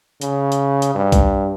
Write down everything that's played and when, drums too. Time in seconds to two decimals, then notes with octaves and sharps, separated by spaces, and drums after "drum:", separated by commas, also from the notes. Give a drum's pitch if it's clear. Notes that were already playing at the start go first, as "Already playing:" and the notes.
0.21 C#3, drum: hi-hat
0.52 drum: hi-hat
0.82 drum: hi-hat
0.95 G2
1.12 drum: kick B1, hi-hat